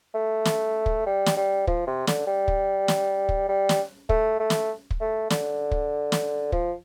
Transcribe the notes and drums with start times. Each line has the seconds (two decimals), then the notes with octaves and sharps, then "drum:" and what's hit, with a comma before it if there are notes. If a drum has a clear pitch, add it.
0.14 A3
0.45 drum: snare
0.86 drum: kick
1.07 G3
1.26 drum: snare
1.37 G3
1.67 F3, drum: kick
1.87 C3
2.07 D3, drum: snare
2.27 G3
2.48 drum: kick
2.88 drum: snare
3.29 drum: kick
3.49 G3
3.69 drum: snare
4.09 A3, drum: kick
4.40 A3
4.50 drum: snare
4.91 drum: kick
5.01 A3
5.30 D3, drum: snare
5.71 drum: kick
6.12 drum: snare
6.52 F3, drum: kick